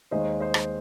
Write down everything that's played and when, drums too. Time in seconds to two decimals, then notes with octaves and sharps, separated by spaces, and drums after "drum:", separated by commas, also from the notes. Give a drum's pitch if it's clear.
0.11 D#2 D#3 G#3 C5 D#5
0.40 C5 D#5
0.54 drum: rim click